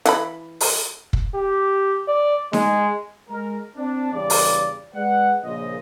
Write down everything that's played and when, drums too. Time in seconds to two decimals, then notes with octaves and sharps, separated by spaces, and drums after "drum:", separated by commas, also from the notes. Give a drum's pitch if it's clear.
0.05 E3 F#5 B5, drum: hi-hat
0.61 drum: open hi-hat
1.13 drum: kick
1.35 G4
2.08 D5
2.53 G#3, drum: snare D#4
3.29 G#3 A#4
3.76 C4 D4
4.13 E2 G2 C#3 D5
4.30 drum: open hi-hat
4.94 G#3 B4 D5 F#5
5.43 A#1 A#2 C#3 C5 D#5